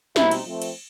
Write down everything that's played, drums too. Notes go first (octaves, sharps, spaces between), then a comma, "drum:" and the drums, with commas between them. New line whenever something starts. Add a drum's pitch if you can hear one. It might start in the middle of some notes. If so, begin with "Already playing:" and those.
B2 G3 C4 D#4 E4, drum: snare
drum: cymbal
F3 A3 C4
drum: cymbal